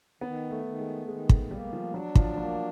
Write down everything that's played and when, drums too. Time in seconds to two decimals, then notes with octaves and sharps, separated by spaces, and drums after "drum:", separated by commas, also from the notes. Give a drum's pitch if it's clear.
0.21 D#3 B3
0.51 A3
0.65 D#3
0.79 G#3
1.07 D#3 G#3
1.29 G#3, drum: kick
1.51 G3 A#3
1.73 F3
1.94 F#3 D4
2.15 F3, drum: kick
2.37 F#3 A#3